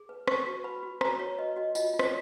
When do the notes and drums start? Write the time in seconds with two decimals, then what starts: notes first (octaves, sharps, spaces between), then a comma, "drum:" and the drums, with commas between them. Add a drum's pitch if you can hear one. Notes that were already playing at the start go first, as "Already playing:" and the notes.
Already playing: G#4
0.09 B4
0.28 B4 C#6, drum: rim click
0.46 F#4
0.64 B4 B5
0.83 F#4
1.01 B4 A#5, drum: rim click
1.19 F#4 C#5
1.38 B4 D#5
1.56 F#4 D#5
1.75 F4 D#5, drum: tambourine
1.94 F4
1.99 C#5, drum: rim click